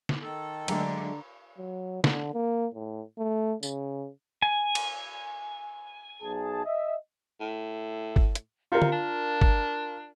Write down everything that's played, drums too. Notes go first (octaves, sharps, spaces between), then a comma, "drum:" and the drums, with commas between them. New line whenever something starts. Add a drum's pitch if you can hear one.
drum: snare
D#3 A4
D3 F#3 G#3 A3 D4 A#5, drum: cymbal
F#3
D3, drum: snare
A#3
A2
A3
C#3, drum: tambourine
G#5
drum: cymbal
B1 G#4 A5
D#5 E5
A2
drum: kick
drum: hi-hat
C3 F4 A#4
drum: tom D3
D4
drum: kick